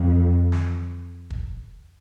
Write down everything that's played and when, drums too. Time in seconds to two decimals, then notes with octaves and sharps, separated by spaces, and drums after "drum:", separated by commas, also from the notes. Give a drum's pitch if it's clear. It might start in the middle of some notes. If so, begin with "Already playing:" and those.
Already playing: F2
0.52 drum: snare
1.30 drum: kick